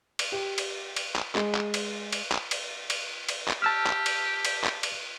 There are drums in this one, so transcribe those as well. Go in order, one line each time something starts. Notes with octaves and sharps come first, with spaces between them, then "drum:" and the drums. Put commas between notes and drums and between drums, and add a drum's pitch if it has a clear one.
drum: cymbal
G4
drum: cymbal
drum: cymbal
drum: clap
G#3, drum: clap
drum: clap
drum: cymbal
drum: cymbal
drum: clap
drum: cymbal
drum: cymbal
drum: cymbal
drum: clap
G4 A5 E6 F6
drum: clap
drum: cymbal
drum: cymbal
drum: clap
drum: cymbal